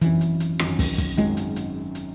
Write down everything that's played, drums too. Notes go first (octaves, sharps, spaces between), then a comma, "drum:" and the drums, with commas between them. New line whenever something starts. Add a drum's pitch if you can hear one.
G#1 F#2 D#3 E3, drum: hi-hat
drum: hi-hat
drum: hi-hat
G#1 F#2 D#3, drum: rim click
drum: kick, open hi-hat
drum: kick, hi-hat
G#1 F#2 D#3 G#3, drum: hi-hat
drum: hi-hat
drum: hi-hat
drum: hi-hat